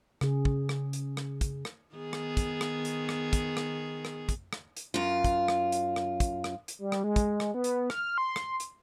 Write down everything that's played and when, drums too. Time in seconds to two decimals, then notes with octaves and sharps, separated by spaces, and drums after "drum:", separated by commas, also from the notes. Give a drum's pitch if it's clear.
0.21 C#3 G#4, drum: rim click
0.45 drum: kick
0.69 drum: rim click
0.93 drum: hi-hat
1.17 drum: rim click
1.41 drum: kick, hi-hat
1.65 drum: rim click
1.95 D#3 B3 G#4
2.13 drum: rim click
2.37 drum: kick, hi-hat
2.61 drum: rim click
2.85 drum: hi-hat
3.09 drum: rim click
3.33 drum: kick, hi-hat
3.57 drum: rim click
4.05 drum: rim click
4.29 drum: kick, hi-hat
4.53 drum: rim click
4.77 drum: hi-hat
4.94 F#2 F4
5.24 drum: kick, hi-hat
5.48 drum: rim click
5.72 drum: hi-hat
5.96 drum: rim click
6.20 drum: kick, hi-hat
6.44 drum: rim click
6.68 drum: hi-hat
6.79 G3
6.92 drum: rim click
7.04 G#3
7.16 drum: kick, hi-hat
7.40 drum: rim click
7.54 B3
7.64 drum: hi-hat
7.90 F6, drum: rim click
8.18 C6
8.36 drum: rim click
8.60 drum: hi-hat